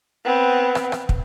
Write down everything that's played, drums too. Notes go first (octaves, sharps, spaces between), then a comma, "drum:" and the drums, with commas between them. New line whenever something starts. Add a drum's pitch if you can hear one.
B3 C4
drum: rim click
drum: rim click
drum: kick